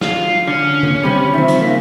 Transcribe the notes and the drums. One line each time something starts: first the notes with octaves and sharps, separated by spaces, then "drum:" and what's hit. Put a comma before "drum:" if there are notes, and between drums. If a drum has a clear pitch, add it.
F4, drum: snare
D3 C#4
drum: tom D3
C3 G3 B5
D#3 F3 C4 E5
drum: hi-hat
C#3 A#3